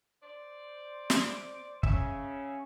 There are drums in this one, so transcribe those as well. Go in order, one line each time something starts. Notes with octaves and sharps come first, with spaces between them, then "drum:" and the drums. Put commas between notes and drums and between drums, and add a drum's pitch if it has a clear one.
C5 D5
drum: snare
C#3 C#4 E5, drum: kick